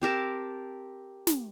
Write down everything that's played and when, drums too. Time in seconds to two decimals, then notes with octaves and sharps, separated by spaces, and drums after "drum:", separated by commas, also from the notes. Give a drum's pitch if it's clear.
0.02 C4 G4 A#4 A5
1.27 drum: snare